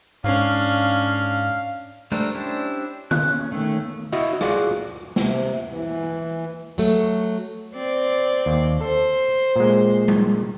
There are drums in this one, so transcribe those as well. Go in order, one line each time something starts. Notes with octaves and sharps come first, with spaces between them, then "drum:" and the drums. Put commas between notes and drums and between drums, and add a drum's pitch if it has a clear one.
G#2 C#4 D4 F5
G3 A3 D4 A#4 C5, drum: tambourine
C#4 D4 E4 G4 C5
C#4 F#6, drum: tom D3
D#3 A3 C#4
E4 F#4 D#5 E5, drum: hi-hat
F4 F#4 G#4 D5 F5 F#5, drum: rim click
C3, drum: snare
E3
F#3 A3, drum: tambourine
C4 D5
D#2
A4 C5
A#2 G#3
drum: tom G3